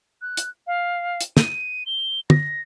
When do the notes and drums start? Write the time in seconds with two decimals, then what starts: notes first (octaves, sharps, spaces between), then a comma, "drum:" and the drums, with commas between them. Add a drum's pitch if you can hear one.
0.22 F#6
0.37 drum: hi-hat
0.67 F5
1.21 drum: hi-hat
1.37 D#7, drum: snare
1.86 G7
2.30 A#6, drum: tom